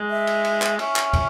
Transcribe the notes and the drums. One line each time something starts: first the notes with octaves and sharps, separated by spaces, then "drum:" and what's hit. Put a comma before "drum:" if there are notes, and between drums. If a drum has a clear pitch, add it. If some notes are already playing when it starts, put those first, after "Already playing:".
Already playing: G#3
E5
drum: cymbal
drum: cymbal
drum: clap
C#4 E5, drum: cymbal
drum: clap
drum: kick, cymbal